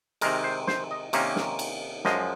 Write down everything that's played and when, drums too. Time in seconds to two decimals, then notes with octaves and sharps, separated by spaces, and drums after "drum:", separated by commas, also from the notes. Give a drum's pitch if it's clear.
0.21 C3 D#3 G#3 A#4, drum: cymbal
0.44 C5
0.67 C5, drum: snare
0.91 D#5
1.13 C3 D#3 A#3 C#4, drum: cymbal
1.36 drum: snare
1.59 drum: cymbal
2.05 F#2 F3 G#3 D#5, drum: snare